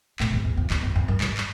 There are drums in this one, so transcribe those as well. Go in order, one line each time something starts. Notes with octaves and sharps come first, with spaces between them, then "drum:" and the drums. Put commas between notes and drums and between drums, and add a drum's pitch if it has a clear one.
A2, drum: clap
E2
E2
F2
E2, drum: clap
F2
F2
F#2
G2, drum: clap
drum: clap